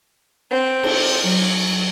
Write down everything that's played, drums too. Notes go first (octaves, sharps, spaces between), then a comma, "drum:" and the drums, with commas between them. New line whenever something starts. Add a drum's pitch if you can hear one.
C4
drum: cymbal
F#3